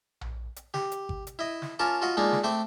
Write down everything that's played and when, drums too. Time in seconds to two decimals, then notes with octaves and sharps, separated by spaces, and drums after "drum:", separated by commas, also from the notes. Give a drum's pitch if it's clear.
0.21 drum: tom A#1
0.56 drum: hi-hat
0.74 G4, drum: snare
0.92 drum: hi-hat
1.09 drum: kick G#1
1.27 drum: hi-hat
1.39 E4 D#5
1.62 drum: snare
1.79 C#4 F4 A#4 A5 D6
2.02 F4 F#4 D#5 B5
2.17 G#3 A#3 D4 D#4 F4
2.32 drum: snare
2.44 A3 C4 C5 D6